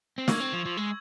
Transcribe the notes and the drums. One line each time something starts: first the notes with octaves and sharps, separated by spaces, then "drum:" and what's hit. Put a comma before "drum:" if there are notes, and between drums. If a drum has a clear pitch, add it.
C4
A#3 C#6 E6 G#6, drum: snare
C4
F3
F3
G#3